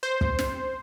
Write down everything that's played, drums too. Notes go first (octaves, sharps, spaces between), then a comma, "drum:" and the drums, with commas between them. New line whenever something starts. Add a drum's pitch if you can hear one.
C5
drum: kick
drum: snare